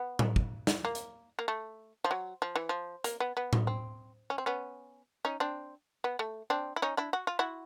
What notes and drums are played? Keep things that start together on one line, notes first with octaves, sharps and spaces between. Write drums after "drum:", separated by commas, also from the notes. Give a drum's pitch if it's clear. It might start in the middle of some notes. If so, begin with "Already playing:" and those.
Already playing: B3
drum: tom A2
drum: kick
drum: snare
A#3
drum: hi-hat
A#3
A3
F3
F#3
F3
E3
F3
A#3, drum: hi-hat
B3
B3
drum: tom A2
C4
C#4
C4
B3 C#4
C#4 D#4
C4 D4
B3
A3
C4 D4
E4
C#4 D#4
D4 E4
F#4
F4
E4 F#4